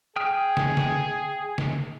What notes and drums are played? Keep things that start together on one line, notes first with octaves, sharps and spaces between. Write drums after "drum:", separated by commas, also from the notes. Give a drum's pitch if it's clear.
G#4 G5 D#6 F6
drum: snare
drum: snare
drum: snare